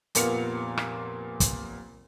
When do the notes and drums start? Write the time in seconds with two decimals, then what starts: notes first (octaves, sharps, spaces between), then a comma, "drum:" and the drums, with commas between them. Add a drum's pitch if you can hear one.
0.15 F1 A#2 A#3 B3 C#7 F7, drum: hi-hat
0.77 drum: rim click
1.40 drum: kick, hi-hat